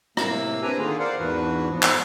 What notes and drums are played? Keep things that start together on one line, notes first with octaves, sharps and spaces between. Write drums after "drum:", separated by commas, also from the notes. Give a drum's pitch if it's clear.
A2 C3 A#3 E6, drum: rim click
C4 D4 G4 B4 G#5 A#5
D3 D#3 A#3 F4 G#4
A#4 C5 D5 F5 F#5
E2 G#2 E3 D4 F#4 B4
G#2 F3 B3
drum: clap